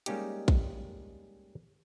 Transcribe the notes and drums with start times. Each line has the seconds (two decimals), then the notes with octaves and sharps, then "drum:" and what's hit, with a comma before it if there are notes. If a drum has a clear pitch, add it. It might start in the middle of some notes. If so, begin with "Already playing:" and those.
0.06 G3 G#3 A#3 C#4 D#4 G4, drum: hi-hat
0.48 drum: kick A#1